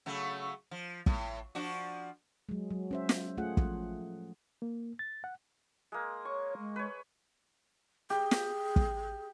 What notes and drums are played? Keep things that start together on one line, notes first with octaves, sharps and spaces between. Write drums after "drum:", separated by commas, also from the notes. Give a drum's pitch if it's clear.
C#3 F#3 A3
F3
A2, drum: kick
F3 D4 F#4
F#3 G#3
F#3
C#4 C5 E5
drum: snare
A3 F4 G#4 F#5
F3, drum: kick
A#3
A6
F#5
G#3 A#3
C#5 C#6
G#3
B4 C#5
G4 G#4
drum: snare
drum: kick